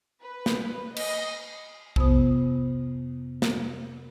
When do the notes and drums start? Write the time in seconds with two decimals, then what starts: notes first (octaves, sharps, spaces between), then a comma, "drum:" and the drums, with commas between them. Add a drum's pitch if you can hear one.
0.21 B4
0.46 drum: snare
0.97 D#5, drum: cymbal
1.96 F2 C3 B3 C5 D#6, drum: kick B1
3.42 drum: snare